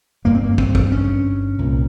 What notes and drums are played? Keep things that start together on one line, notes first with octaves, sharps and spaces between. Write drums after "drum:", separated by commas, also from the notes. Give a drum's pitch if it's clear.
G1 G2 A#3
C4
A#3
C4, drum: kick
drum: kick
C#4
C2 A#2